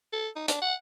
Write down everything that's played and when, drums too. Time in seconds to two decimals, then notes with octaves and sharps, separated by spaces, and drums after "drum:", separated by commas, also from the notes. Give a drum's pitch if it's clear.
0.12 A4
0.36 D#4
0.48 D4, drum: hi-hat
0.62 F#5